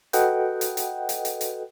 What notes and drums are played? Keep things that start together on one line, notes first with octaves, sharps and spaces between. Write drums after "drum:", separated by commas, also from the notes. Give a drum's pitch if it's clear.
F#4 A4 B4 D#5 F#5 G5, drum: hi-hat
drum: hi-hat
drum: hi-hat
drum: hi-hat
drum: hi-hat
drum: hi-hat